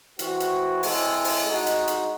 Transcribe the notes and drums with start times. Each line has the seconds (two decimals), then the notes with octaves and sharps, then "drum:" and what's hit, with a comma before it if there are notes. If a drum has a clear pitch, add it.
0.19 E3 C4 F#4, drum: hi-hat
0.40 drum: hi-hat
0.83 G#3 C4 E4 A4, drum: open hi-hat
1.24 drum: open hi-hat
1.45 G#3 D#4 F#4
1.67 drum: hi-hat
1.88 drum: hi-hat